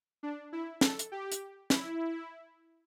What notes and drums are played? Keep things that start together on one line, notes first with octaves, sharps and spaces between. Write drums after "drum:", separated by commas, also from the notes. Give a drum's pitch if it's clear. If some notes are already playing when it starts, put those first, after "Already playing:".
D4
E4
A4, drum: snare
drum: hi-hat
G4
drum: hi-hat
E4, drum: snare